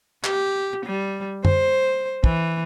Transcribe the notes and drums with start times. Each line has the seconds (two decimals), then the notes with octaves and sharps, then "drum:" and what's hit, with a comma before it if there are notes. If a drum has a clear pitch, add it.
0.24 G4, drum: clap
0.86 G3
1.45 C5, drum: tom F#2
2.24 E3, drum: kick